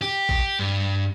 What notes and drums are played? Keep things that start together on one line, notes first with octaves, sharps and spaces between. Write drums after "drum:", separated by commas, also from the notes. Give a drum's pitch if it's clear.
G4
drum: kick A1
G2